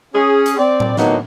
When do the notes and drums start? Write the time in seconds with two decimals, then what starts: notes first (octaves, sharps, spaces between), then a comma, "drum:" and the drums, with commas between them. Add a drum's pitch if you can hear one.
0.14 C#4 G#4
0.46 drum: hi-hat
0.57 C4 D5
0.80 drum: tom A2
0.97 A2 D3 F#3 A#3 B3 D#4, drum: snare